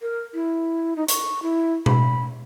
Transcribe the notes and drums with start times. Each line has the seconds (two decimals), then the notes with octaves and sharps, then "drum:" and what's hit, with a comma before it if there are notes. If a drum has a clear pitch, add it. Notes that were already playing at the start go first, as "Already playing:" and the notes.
0.01 A#4
0.34 E4
0.96 D#4
1.08 C#6, drum: hi-hat
1.42 E4
1.86 B5, drum: tom B2